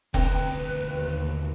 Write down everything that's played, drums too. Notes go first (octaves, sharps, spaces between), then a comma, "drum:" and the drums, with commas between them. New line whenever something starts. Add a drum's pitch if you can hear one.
D2 C4 A#4 B4 A#5, drum: kick F1
D#2